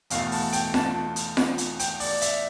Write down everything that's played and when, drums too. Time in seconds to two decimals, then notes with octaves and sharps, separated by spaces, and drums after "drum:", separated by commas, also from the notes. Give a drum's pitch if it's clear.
0.10 E2 B2 A3 F5, drum: hi-hat
0.32 A5, drum: open hi-hat
0.53 G5, drum: hi-hat
0.74 A5, drum: snare F4
1.16 drum: hi-hat
1.37 drum: snare F4
1.58 drum: hi-hat
1.79 G5, drum: hi-hat
2.00 D5, drum: open hi-hat
2.22 E5, drum: hi-hat